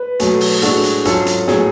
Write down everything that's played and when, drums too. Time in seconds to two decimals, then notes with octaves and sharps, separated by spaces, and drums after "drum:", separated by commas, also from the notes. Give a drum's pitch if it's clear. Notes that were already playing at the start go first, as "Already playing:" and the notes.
Already playing: B4
0.20 B2 F#3 A3, drum: hi-hat
0.41 drum: open hi-hat
0.62 A2 G#3 D4 F#4 A4, drum: hi-hat
0.83 drum: hi-hat
1.05 G#2 F#3 C#4 F4 A4, drum: hi-hat
1.26 drum: hi-hat
1.47 A2 F#3 B3 G#4, drum: snare